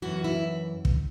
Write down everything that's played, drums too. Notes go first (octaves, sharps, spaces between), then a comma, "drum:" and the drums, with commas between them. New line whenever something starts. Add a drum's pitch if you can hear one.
F#2 E3 F#4
E4
drum: kick